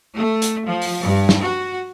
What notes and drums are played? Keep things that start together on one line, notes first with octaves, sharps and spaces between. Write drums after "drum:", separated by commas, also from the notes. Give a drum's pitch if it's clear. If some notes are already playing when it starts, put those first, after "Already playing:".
A3
drum: hi-hat
F3
drum: open hi-hat
G2
drum: snare
F#4